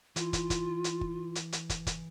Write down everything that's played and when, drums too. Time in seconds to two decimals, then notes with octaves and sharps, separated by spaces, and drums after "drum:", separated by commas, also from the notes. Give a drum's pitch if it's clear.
0.16 E3 F4, drum: hi-hat
0.33 drum: kick, hi-hat
0.50 drum: kick, hi-hat
0.84 drum: hi-hat
1.01 drum: kick
1.35 drum: hi-hat
1.52 drum: hi-hat
1.70 drum: kick, hi-hat
1.87 drum: kick, hi-hat